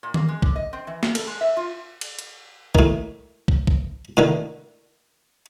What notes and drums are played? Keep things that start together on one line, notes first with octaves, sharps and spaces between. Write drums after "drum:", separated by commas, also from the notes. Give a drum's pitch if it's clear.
A#2
A#3, drum: tom D#3
G#3
D3, drum: kick
D#5
C4
E3
C#3, drum: snare
A4, drum: cymbal
G#3
E5
F4
drum: cymbal
drum: hi-hat
A2 D#3, drum: kick
drum: kick
drum: kick
A2 D3 D#3